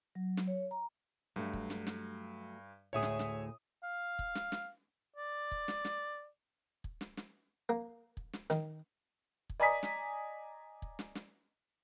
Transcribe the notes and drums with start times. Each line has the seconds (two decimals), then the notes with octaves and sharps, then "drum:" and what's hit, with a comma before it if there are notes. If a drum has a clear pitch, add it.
0.15 F#3
0.37 drum: snare
0.47 C#5
0.71 A#5
1.36 G2 F#3 A3
1.53 drum: kick
1.70 drum: snare
1.87 drum: snare
2.93 D2 A2 G#4 C#5 E5 D#6
3.03 drum: snare
3.19 drum: snare
3.83 F5
4.19 drum: kick
4.35 drum: snare
4.52 drum: snare
5.16 D5
5.51 drum: kick
5.68 drum: snare
5.85 drum: snare
6.84 drum: kick
7.01 drum: snare
7.17 drum: snare
7.69 A#3
8.17 drum: kick
8.33 drum: snare
8.50 D#3, drum: snare
9.50 drum: kick
9.60 D5 D#5 G#5 A#5 D#6 B6
9.83 drum: snare
10.82 drum: kick
10.99 drum: snare
11.15 drum: snare